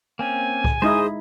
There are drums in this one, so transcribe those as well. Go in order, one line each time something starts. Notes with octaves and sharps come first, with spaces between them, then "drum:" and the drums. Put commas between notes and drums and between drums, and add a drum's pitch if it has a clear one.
A#3 C4 C#4 G#5
drum: kick C2
G#3 D#4 E4 G#4 C5 D#5 D#6